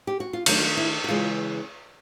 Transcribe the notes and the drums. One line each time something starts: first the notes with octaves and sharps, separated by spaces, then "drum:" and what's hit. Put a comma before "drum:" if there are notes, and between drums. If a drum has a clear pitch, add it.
G4
F#4
F4
D#3 F#3 A3 D4 E4, drum: cymbal
F#3 F#4
E4
F#4
C#3 E3 G#3 F4